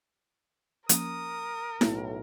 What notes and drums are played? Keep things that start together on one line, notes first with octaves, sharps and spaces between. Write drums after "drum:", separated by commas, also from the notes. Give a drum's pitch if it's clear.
F3 A#3 C#4 A#4 D#6, drum: hi-hat
B1 A2, drum: snare E4